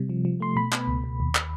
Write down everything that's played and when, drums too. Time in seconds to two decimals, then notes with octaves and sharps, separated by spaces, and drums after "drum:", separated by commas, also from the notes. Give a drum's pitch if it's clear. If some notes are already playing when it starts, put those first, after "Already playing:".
Already playing: C3 G3
0.09 F3
0.25 F3
0.40 A3 C6
0.56 B2 B5
0.72 B3, drum: clap
0.88 C#2
1.04 B2
1.20 D#2
1.35 drum: clap